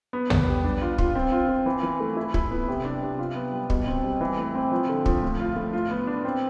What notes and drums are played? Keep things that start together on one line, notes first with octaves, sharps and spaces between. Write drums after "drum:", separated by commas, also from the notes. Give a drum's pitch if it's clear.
B3
B3, drum: tom
G3
D4
F4
F4, drum: kick
C4
F4
C4
E3
E3
A3
E4
E4, drum: kick
B3
C3
D4
C3
F4
B3
G3
B2, drum: kick
C4
G3
E3
A2
C4
F3
D3
F3, drum: kick
A2
F4
A2
F4
B3
D4
C4